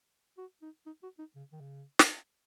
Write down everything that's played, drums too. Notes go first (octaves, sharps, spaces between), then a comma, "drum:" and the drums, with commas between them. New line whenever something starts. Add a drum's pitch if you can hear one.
F#4
D#4
D#4
F#4
D#4
C#3
D#3
C#3
drum: snare